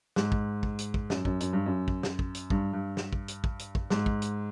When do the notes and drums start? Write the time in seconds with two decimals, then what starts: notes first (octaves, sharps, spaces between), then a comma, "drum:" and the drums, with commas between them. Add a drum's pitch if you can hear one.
0.16 G#2, drum: snare
0.32 drum: kick
0.63 drum: kick
0.79 drum: hi-hat
0.94 drum: kick
1.10 F#2, drum: snare
1.25 F#2, drum: kick
1.40 F#2, drum: hi-hat
1.53 G2
1.66 F#2
1.88 drum: kick
2.03 drum: snare
2.19 drum: kick
2.35 drum: hi-hat
2.50 G2, drum: kick
2.73 G2
2.97 drum: snare
3.13 drum: kick
3.28 drum: hi-hat
3.44 drum: kick
3.59 drum: hi-hat
3.75 drum: kick
3.90 G#2, drum: snare
4.06 drum: kick
4.22 drum: hi-hat